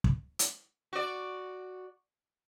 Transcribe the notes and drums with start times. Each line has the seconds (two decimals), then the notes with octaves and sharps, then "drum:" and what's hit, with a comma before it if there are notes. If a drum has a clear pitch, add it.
0.04 drum: kick
0.39 drum: hi-hat
0.93 F#4 D5